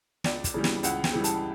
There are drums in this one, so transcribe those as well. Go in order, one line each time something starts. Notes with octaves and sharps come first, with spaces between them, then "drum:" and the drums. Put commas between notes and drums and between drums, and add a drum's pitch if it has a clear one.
C#2 D5, drum: snare
drum: kick, hi-hat
C#3 E3 G3
drum: snare
C#2 F#5, drum: hi-hat
G5, drum: snare
C#3 E3 G3
A5, drum: hi-hat